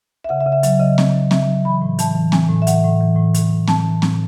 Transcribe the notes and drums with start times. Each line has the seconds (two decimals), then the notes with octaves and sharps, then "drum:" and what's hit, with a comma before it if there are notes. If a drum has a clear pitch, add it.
0.24 E5
0.29 C#3 F#5
0.40 E5
0.46 C#3
0.52 E5
0.63 F#3 E5, drum: hi-hat
0.80 C#3 D#5
0.98 C#3, drum: snare C4
1.14 F#3
1.31 C#3 E5, drum: snare C4
1.48 F#3
1.65 E3 B5
1.82 A2
1.99 E3 A5, drum: hi-hat
2.15 E3
2.32 E3 G#5, drum: snare C4
2.49 A2
2.62 E5
2.67 E3 F#5, drum: hi-hat
2.84 A2
3.01 E3
3.16 A2
3.34 A2, drum: hi-hat
3.50 A2
3.68 E3 A5, drum: snare C4
3.85 E3
4.02 A2, drum: snare C4